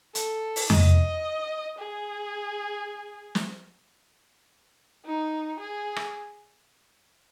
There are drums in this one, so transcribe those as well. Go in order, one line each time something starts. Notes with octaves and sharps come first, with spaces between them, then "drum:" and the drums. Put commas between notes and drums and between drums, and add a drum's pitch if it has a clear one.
A4, drum: hi-hat
drum: open hi-hat
D#5, drum: tom F2
G#4
drum: snare
D#4
G#4
drum: rim click